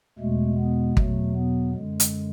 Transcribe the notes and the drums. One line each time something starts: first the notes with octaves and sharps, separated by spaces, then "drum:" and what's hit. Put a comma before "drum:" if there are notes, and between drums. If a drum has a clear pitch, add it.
E2 B2 G#3 A3
B3
E2 B2 F#3 A3, drum: kick
B3
F#2 D3 G#3
drum: hi-hat